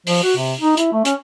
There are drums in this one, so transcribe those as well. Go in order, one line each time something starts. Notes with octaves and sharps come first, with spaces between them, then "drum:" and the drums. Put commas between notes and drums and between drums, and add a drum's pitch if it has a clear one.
F3, drum: open hi-hat
F#4
C3
D#4
E4, drum: hi-hat
A3
C#4, drum: hi-hat